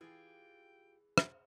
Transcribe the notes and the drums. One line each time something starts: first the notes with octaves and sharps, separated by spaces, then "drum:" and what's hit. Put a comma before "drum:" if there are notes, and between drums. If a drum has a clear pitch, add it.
E3 F4 G4 G#4 G5
drum: rim click